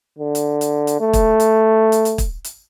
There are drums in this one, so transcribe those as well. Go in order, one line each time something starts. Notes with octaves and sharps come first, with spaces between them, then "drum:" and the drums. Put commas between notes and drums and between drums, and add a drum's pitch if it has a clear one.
D3
drum: hi-hat
drum: hi-hat
drum: hi-hat
A3
drum: kick, hi-hat
drum: hi-hat
drum: hi-hat
drum: hi-hat
drum: kick, hi-hat
drum: hi-hat